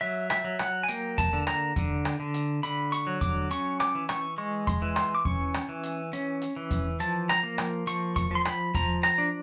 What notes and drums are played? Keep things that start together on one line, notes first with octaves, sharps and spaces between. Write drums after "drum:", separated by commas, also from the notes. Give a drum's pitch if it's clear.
F#3 E5
E5, drum: rim click
F#3
F#5, drum: rim click
G#5
A#3 G5, drum: hi-hat
A5, drum: kick E2, hi-hat
D3
A#5, drum: rim click
D3, drum: kick E2, hi-hat
drum: rim click
D3
drum: hi-hat
D3 B5, drum: hi-hat
C#6, drum: hi-hat
F#3
D6, drum: kick E2, hi-hat
C#4 C#6, drum: hi-hat
D6, drum: rim click
E3
C#6, drum: rim click
G#3 C#6
C6, drum: kick E2, hi-hat
E3
C6, drum: rim click
D6
C#4 C#6, drum: kick E2
drum: rim click
E3
drum: hi-hat
C#4, drum: hi-hat
drum: hi-hat
E3
drum: kick E2, hi-hat
F3 A5, drum: hi-hat
A#5, drum: rim click
A#3
drum: rim click
F3 C#6, drum: hi-hat
C#6, drum: kick E2, hi-hat
F3 C6
B5, drum: rim click
F3 A#5, drum: kick E2, hi-hat
A#5, drum: rim click
D4